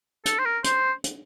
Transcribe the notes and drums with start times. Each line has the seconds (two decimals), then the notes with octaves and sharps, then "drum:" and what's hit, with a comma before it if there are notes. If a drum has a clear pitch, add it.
0.25 A4, drum: hi-hat
0.39 C5
0.45 A#4
0.64 C5, drum: hi-hat
1.04 drum: hi-hat